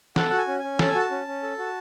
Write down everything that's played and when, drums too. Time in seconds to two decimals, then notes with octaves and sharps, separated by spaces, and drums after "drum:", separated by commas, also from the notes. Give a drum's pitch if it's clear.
0.16 A4 F#5, drum: snare
0.30 F#4 F#5
0.38 G#5
0.48 C#4
0.59 C#4 G#5
0.79 A4 A5, drum: snare
0.88 G#5
0.95 F#4 A5
1.11 C#4
1.27 C#4
1.43 A4
1.59 F#4